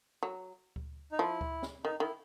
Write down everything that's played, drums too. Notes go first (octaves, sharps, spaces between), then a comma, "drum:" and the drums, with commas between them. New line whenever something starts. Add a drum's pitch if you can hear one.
F#3
drum: kick D2
D#4
F3 E4
drum: kick D2
drum: snare
D#3 D#4
D#3 E4